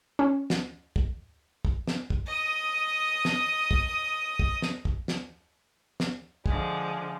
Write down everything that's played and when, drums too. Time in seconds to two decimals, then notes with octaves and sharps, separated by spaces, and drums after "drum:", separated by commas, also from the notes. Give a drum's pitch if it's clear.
0.19 C#4
0.50 drum: snare
0.96 drum: kick
1.65 drum: kick
1.88 drum: snare
2.10 drum: kick
2.28 D#5 D#6
3.25 drum: snare
3.71 drum: kick
4.39 drum: kick
4.62 drum: snare
4.85 drum: kick
5.08 drum: snare
6.00 drum: snare
6.46 D3 F3 G#3, drum: kick